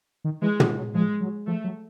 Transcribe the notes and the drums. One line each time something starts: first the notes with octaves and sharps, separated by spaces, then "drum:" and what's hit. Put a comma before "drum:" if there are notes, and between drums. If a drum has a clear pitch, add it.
D#3
E3 G#3
F#3, drum: tom
F#3
F3 G#3
F#3
F3 A3
F#3